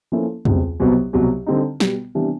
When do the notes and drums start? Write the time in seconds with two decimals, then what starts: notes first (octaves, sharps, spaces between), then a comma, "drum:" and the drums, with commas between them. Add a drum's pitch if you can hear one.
0.12 F3 A#3 C#4 E4 A4
0.45 C#2 B2 G3 C4, drum: tom
0.80 C2 B2 F#3 B3
1.13 C2 B2 F#3
1.46 D3 G3 C4 D#4
1.80 B2 G3 B3, drum: snare
2.15 C3 E3 G3 B3 D4